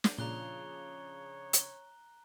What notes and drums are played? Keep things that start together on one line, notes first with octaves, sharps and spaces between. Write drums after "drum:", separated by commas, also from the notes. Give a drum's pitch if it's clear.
drum: snare
A#2 C#3 F3 D4 C#5 A#5 F#6 G7
drum: hi-hat